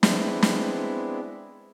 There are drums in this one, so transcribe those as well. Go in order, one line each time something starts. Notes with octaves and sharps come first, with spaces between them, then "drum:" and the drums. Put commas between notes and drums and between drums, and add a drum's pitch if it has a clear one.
G#3 B3 C4 D4 E4, drum: snare
drum: snare